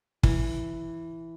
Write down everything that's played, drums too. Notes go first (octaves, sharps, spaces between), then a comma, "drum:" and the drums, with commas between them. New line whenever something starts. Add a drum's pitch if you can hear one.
E3, drum: kick